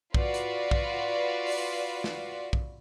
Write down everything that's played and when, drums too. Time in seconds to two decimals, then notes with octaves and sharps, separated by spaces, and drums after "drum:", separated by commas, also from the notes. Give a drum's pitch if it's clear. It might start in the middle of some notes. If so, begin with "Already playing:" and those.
0.14 F4 F#4 B4 D5, drum: kick
0.34 drum: hi-hat
0.71 drum: kick
1.47 drum: open hi-hat
2.04 drum: snare
2.53 drum: kick